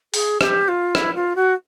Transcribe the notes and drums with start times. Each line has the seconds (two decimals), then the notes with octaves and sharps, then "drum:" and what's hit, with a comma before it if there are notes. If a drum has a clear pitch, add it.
0.14 G#4, drum: open hi-hat
0.41 G4, drum: rim click
0.68 F4
0.95 E4, drum: rim click
1.15 F4
1.36 F#4